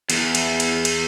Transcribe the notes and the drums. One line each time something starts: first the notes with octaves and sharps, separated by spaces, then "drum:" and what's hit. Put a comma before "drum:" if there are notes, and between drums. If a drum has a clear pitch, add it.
E2, drum: cymbal
drum: cymbal
drum: cymbal
drum: cymbal